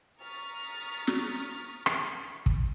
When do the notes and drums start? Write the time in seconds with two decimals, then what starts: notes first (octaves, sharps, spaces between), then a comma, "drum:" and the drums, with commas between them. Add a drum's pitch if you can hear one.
0.21 A#5 C#6 D#6 F6 A6 B6
1.07 drum: snare
1.86 drum: rim click
2.46 drum: kick